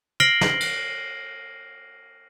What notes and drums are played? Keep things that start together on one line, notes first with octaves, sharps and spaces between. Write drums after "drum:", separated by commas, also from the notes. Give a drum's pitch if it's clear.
F6 A#6 C7 D7 F#7 G7
drum: snare
drum: cymbal